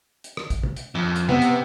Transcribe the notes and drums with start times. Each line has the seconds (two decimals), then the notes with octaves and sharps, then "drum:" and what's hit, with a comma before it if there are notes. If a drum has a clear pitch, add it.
0.24 drum: hi-hat
0.37 drum: rim click
0.50 drum: kick, hi-hat
0.63 drum: tom
0.76 drum: hi-hat
0.95 F2
1.16 drum: hi-hat
1.29 C3 B3, drum: tom
1.42 drum: hi-hat